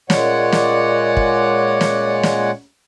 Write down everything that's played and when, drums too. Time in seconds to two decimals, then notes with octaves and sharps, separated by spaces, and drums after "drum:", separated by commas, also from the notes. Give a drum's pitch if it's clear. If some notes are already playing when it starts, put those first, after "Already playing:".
0.10 A#2 G#3 C#5 D5 F#5, drum: snare
0.52 drum: snare
1.17 drum: kick
1.81 drum: snare
2.23 drum: snare